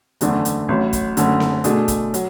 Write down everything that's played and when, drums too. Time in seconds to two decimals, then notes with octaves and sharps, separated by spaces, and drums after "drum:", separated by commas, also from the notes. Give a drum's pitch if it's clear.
0.21 F#1 E2 D3 A3 D4, drum: hi-hat
0.45 drum: hi-hat
0.69 A1 A2 F#3
0.93 drum: kick, hi-hat
1.17 F#1 F#2 D3 A3, drum: hi-hat
1.40 drum: snare C4
1.64 B2 A3 D4 G#4, drum: hi-hat
1.88 drum: kick, hi-hat
2.14 F#3, drum: hi-hat